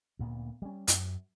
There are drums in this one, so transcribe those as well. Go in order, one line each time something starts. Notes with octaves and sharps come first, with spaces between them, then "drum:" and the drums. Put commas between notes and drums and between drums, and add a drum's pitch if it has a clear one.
D2 A#2 B3
G3 C#4
F#2, drum: hi-hat